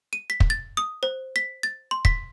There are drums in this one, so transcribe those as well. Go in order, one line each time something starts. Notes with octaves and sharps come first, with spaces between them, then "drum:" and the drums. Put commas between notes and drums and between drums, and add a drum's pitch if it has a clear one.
D#7
B6
drum: kick
A6
D#6
C5
B6
A6
C6
B6, drum: kick